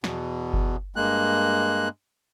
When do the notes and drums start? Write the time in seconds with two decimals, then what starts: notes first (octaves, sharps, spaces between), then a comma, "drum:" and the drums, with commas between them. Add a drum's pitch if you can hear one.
0.04 E2 B2, drum: snare
0.53 drum: kick G1
0.96 G2 G#3 A#3 F#6